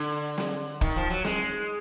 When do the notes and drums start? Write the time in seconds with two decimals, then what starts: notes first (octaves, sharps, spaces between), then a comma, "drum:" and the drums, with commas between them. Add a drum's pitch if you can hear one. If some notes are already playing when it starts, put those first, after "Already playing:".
Already playing: D3
0.38 drum: snare
0.81 D#3, drum: kick
0.96 F3
1.10 F#3
1.25 G#3, drum: snare